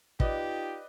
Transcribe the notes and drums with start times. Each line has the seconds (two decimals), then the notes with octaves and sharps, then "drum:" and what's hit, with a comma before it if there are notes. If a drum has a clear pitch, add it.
0.20 D#4 F4 G4 B4 D5 D#5, drum: kick